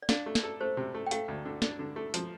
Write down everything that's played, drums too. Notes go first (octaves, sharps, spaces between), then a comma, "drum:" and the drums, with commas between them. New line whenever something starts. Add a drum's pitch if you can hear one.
D5
D4 F5, drum: snare
A3
D5, drum: snare
A4
A3 C5
C3
A3
G5
A3 F5, drum: hi-hat
D2
D3
D4, drum: snare
D3
A3
F3, drum: hi-hat